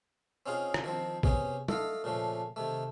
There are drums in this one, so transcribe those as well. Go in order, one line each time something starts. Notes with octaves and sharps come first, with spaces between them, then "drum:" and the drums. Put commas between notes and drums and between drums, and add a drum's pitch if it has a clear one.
C4 C#4 D#4 F4 G#4
drum: rim click
D#3 F3 C4
C3 B3 C#4 G#4, drum: kick
A3 A4 D#5 F5, drum: tom
A#2 C#3 F3 A3
C3 D#3 A3